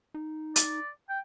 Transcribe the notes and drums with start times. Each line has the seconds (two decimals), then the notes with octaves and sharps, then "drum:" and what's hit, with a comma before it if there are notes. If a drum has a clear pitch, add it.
0.14 D#4
0.56 D5, drum: hi-hat
1.10 G5